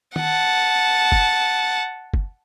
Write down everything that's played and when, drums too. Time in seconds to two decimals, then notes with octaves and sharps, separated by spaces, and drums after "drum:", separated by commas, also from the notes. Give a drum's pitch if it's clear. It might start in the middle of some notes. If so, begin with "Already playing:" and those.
0.16 F#5 A5, drum: tom D#3
1.12 drum: kick F#1
2.14 drum: kick F#1